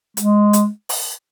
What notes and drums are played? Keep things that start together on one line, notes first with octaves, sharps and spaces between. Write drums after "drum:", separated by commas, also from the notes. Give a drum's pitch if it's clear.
G#3, drum: hi-hat
drum: hi-hat
drum: open hi-hat